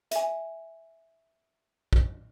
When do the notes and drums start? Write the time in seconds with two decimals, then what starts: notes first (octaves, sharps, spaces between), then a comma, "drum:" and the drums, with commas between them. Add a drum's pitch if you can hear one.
0.11 E5 G#5, drum: hi-hat
1.93 drum: kick